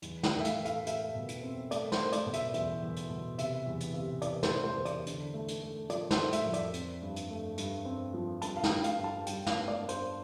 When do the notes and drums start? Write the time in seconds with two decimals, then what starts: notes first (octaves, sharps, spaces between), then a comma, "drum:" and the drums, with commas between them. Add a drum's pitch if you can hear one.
0.02 E2, drum: hi-hat
0.23 G5, drum: snare
0.30 A3
0.40 E5
0.44 F5, drum: hi-hat
0.59 A3
0.65 F5, drum: hi-hat
0.86 A3 E5, drum: hi-hat
1.15 B2
1.28 drum: hi-hat
1.43 C4
1.71 A3 D5, drum: hi-hat
1.92 C5, drum: snare
1.99 A3
2.12 D5, drum: hi-hat
2.26 B2
2.33 E5, drum: hi-hat
2.54 E2 E5, drum: hi-hat
2.83 E2
2.96 drum: hi-hat
3.10 B2
3.38 C3 E5, drum: hi-hat
3.66 E2
3.80 drum: hi-hat
3.94 C3
4.22 E3 D5, drum: hi-hat
4.43 C5, drum: snare
4.50 E3
4.64 C5
4.78 E2
4.85 D5, drum: hi-hat
5.06 D3, drum: hi-hat
5.34 A3
5.48 drum: hi-hat
5.62 A3
5.89 F3 D5, drum: hi-hat
6.11 C5, drum: snare
6.19 A3
6.32 E5, drum: hi-hat
6.46 F2
6.53 D5, drum: hi-hat
6.73 C4, drum: hi-hat
7.02 G2
7.16 drum: hi-hat
7.30 A3
7.58 G2, drum: hi-hat
7.85 C4
8.14 F3
8.42 G2 A5, drum: hi-hat
8.57 F5
8.63 G5, drum: snare
8.70 G2
8.84 F5, drum: hi-hat
8.98 G2
9.04 A5
9.26 G3 G5, drum: hi-hat
9.46 F5, drum: snare
9.54 B3
9.68 D5
9.81 G2
9.89 C5, drum: hi-hat